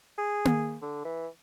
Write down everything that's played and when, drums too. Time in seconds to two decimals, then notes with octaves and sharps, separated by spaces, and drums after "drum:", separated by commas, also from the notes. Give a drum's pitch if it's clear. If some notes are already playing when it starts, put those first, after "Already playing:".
0.18 G#4
0.45 drum: tom A#3
0.82 D3
1.05 E3